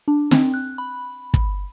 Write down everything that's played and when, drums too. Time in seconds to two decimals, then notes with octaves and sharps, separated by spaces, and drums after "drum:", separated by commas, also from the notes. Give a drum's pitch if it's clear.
0.08 D4
0.31 C4, drum: snare
0.54 F#6
0.78 B5
1.34 drum: kick